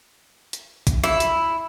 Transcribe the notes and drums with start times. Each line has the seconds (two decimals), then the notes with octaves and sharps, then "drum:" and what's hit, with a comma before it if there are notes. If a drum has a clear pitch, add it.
0.53 drum: hi-hat
0.87 drum: kick A#1, hi-hat
1.04 E4, drum: rim click
1.20 drum: hi-hat